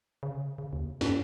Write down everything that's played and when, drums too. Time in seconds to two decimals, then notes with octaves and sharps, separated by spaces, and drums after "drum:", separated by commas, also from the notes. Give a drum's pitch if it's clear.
0.23 C#3
0.58 C#3
0.73 D#2
1.01 G2, drum: snare